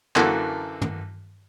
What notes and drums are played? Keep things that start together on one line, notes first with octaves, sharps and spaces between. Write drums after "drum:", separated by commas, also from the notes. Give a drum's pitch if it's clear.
F#2 D3 E3 A#3 F#4 A4, drum: clap
drum: tom